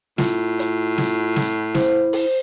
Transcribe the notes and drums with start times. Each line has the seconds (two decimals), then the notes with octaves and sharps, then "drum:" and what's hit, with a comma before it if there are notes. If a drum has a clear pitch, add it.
0.18 A2 F4, drum: snare
0.59 drum: hi-hat
0.98 drum: snare
1.36 drum: snare
1.75 E4 C5, drum: snare
2.13 drum: open hi-hat